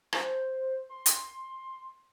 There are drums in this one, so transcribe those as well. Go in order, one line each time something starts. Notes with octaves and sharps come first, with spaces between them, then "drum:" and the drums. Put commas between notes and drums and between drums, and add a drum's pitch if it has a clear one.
C5, drum: rim click
C6
drum: hi-hat